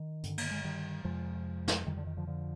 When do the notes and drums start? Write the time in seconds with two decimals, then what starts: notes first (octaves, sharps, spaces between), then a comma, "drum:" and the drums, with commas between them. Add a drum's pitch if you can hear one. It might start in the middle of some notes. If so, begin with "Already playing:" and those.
Already playing: D#3
0.23 G2 D3, drum: hi-hat
0.38 A#3, drum: cymbal
0.51 G#3
0.64 D#3 G3
1.04 F2 C3 F3 G#3
1.68 drum: snare
1.86 F2 D3 D#3 G3
1.97 D3
2.07 D#3
2.17 D3 F3
2.27 D3 F3